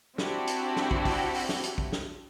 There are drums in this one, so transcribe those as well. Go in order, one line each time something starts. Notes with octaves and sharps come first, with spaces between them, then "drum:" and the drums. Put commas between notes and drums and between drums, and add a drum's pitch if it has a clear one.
C4 D4 E4 F#4 G4, drum: snare
drum: hi-hat
drum: snare
drum: kick
drum: kick, open hi-hat
drum: open hi-hat
drum: snare
drum: hi-hat
drum: kick
drum: snare